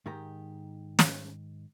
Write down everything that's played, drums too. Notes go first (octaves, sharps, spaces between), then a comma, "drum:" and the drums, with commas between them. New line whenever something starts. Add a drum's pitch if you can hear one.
G#2 D#3 G4 A#5
drum: snare